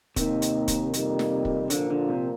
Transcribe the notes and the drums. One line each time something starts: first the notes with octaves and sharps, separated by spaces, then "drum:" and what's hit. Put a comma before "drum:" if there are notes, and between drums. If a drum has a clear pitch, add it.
D#2 C3 D#3 A#3 D#4, drum: kick, hi-hat
drum: hi-hat
drum: kick, hi-hat
F2 D#3 G3 A#3 D#4, drum: hi-hat
drum: snare
drum: kick
A#2 D3 F3 A#3, drum: hi-hat
D3
C3